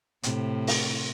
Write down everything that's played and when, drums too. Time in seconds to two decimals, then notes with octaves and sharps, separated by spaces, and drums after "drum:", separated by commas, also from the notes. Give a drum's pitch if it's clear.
0.23 A2 C3, drum: hi-hat
0.67 drum: open hi-hat